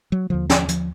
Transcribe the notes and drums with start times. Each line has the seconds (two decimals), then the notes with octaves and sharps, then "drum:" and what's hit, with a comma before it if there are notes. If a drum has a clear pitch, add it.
0.12 F#3
0.30 D#2 D3 F3
0.50 F3, drum: snare
0.68 F3, drum: hi-hat